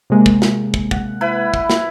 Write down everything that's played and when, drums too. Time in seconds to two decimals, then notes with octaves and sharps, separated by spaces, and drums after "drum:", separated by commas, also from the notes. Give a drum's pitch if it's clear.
0.10 C3 G#3 A#3
0.26 drum: kick
0.42 drum: snare
0.74 drum: kick
0.91 F#5, drum: kick
1.21 E4 B4 B5
1.54 drum: kick
1.70 drum: snare